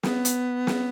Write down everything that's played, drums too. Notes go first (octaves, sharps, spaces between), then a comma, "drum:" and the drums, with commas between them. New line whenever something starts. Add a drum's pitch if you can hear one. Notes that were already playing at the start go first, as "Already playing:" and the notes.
B3, drum: snare
drum: hi-hat
drum: snare